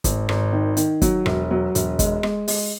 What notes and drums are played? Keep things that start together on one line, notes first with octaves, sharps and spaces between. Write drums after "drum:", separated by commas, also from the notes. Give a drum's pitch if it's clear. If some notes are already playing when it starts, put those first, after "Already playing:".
G#1, drum: kick, hi-hat
G#1, drum: rim click
D#3
D#3, drum: hi-hat
F#3, drum: kick, hi-hat
E1, drum: rim click
F#3
E1, drum: hi-hat
G#3, drum: kick, hi-hat
G#3, drum: rim click
G#3, drum: open hi-hat